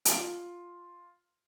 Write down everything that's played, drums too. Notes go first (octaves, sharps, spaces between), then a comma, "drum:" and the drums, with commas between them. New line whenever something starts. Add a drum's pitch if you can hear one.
F4, drum: hi-hat